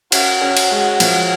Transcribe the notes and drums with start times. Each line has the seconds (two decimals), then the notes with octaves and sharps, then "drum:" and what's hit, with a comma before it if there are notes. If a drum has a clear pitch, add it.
0.12 C#4 F#4, drum: cymbal
0.42 C#4
0.57 drum: cymbal
0.71 G#3
1.00 F3, drum: cymbal